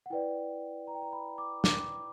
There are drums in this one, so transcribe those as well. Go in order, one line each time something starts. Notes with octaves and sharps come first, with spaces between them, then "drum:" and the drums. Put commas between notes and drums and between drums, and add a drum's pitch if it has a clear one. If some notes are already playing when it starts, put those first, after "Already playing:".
F#5
E4 B4 D5 G5
A#5
G5
A#5
B5
D6
D6, drum: snare